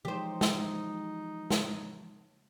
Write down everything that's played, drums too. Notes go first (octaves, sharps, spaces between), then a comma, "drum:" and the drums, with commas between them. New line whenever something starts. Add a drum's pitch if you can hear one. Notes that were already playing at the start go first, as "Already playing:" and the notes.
E3 F3 G#3 D#4 G4 C5
drum: snare
drum: snare